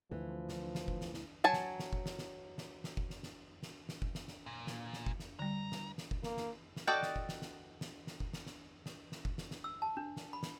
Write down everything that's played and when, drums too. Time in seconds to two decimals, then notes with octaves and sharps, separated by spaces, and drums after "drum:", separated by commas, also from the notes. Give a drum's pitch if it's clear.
0.11 D2 E3 F3
0.49 drum: snare
0.75 drum: snare
0.88 drum: kick F#1
1.01 drum: snare
1.14 drum: snare
1.44 F#3 G#5 A5
1.53 drum: snare
1.79 drum: snare
1.93 drum: kick F#1
2.06 drum: snare
2.19 drum: snare
2.58 drum: snare
2.84 drum: snare
2.97 drum: kick F#1
3.10 drum: snare
3.23 drum: snare
3.63 drum: snare
3.89 drum: snare
4.02 drum: kick F#1
4.15 drum: snare
4.28 drum: snare
4.46 A#2
4.67 drum: snare
4.93 drum: snare
5.06 drum: kick F#1
5.20 drum: snare
5.39 D3 G3 A#5
5.72 drum: snare
5.98 drum: snare
6.11 drum: kick F#1
6.23 A#3, drum: snare
6.37 drum: snare
6.76 drum: snare
6.87 F#4 A4 D5 D#5 G5
7.03 drum: snare
7.16 drum: kick F#1
7.29 drum: snare
7.42 drum: snare
7.81 drum: snare
8.07 drum: snare
8.20 drum: kick F#1
8.33 drum: snare
8.47 drum: snare
8.86 drum: snare
9.12 drum: snare
9.25 drum: kick F#1
9.38 drum: snare
9.51 drum: snare
9.64 E6
9.82 A5
9.97 D4
10.17 drum: snare
10.33 B5
10.43 drum: snare